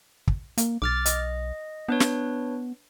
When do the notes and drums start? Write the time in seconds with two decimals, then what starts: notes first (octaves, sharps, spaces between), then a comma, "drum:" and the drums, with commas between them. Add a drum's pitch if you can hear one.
0.27 drum: kick
0.58 A#3, drum: hi-hat
0.82 B1 D6 F6 A6
1.06 D#5, drum: hi-hat
1.88 B3 D4 B4 C#5
2.00 drum: snare